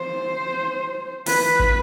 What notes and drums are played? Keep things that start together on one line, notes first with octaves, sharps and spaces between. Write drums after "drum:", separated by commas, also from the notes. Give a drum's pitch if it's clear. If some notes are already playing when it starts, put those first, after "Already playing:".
Already playing: C5
B4, drum: open hi-hat
drum: kick